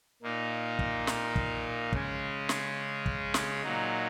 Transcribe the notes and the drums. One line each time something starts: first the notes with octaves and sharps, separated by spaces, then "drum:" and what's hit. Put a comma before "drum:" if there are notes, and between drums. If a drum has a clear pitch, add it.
A#2 A#3 D#4
drum: kick
drum: snare
drum: kick
C#3 G#3 C#4, drum: kick
drum: snare
drum: kick
drum: snare
A#2 F#3 D#4